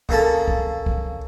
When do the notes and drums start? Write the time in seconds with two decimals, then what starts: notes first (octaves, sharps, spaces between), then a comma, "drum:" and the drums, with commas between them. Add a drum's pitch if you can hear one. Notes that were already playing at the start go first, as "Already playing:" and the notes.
0.09 C#3 A#3 A4 A5, drum: kick
0.48 drum: kick
0.86 drum: kick